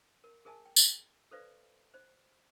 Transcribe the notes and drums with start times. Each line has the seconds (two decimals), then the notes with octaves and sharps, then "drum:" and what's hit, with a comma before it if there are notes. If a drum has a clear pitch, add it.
0.24 A#4
0.45 G#4 A#4 D#5 E5 G#5 A5
0.66 G5
0.76 drum: tambourine
1.31 A4 B4 C5 D5 D#5 F5
1.94 C5 D#5